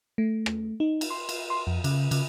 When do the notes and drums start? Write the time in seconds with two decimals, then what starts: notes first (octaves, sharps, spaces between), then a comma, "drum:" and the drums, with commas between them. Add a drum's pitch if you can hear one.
0.18 A3
0.46 drum: rim click
0.80 D#4
1.01 drum: cymbal
1.10 C6
1.29 drum: cymbal
1.50 C6
1.67 F2
1.84 C#3, drum: cymbal
2.11 C#3, drum: cymbal